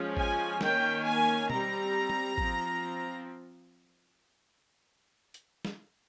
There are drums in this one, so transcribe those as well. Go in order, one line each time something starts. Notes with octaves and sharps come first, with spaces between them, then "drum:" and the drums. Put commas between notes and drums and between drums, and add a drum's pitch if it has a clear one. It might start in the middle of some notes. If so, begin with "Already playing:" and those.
Already playing: F3 G#3 C#4
G#5, drum: kick G#1
D#3 A#3 C#4 G5, drum: snare
G#5
G3 C4 A#5, drum: tom B2
drum: tom
F3 C4, drum: kick G#1
drum: hi-hat
drum: snare